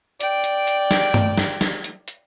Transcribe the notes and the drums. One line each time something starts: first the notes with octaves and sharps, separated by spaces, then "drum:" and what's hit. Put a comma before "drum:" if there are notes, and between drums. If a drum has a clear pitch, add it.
D5 G5, drum: hi-hat
drum: hi-hat
drum: hi-hat
drum: snare
drum: tom G2
drum: snare
drum: snare
drum: hi-hat
drum: hi-hat